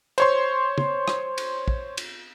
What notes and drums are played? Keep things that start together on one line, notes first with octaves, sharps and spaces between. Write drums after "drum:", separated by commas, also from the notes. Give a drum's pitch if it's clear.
C5 C#5 C6, drum: cymbal
drum: tom
drum: rim click
drum: cymbal
drum: kick
drum: cymbal